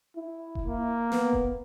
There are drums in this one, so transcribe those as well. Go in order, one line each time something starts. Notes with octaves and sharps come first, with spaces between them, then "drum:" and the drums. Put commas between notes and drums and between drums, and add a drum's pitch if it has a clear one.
E4
drum: kick E1
A#3
B3, drum: snare
drum: kick E1